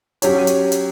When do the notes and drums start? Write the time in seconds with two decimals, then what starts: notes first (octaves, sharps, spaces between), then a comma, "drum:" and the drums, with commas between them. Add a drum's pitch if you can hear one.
0.22 F#3 C#4 G4 C#5, drum: hi-hat
0.47 drum: hi-hat
0.72 drum: hi-hat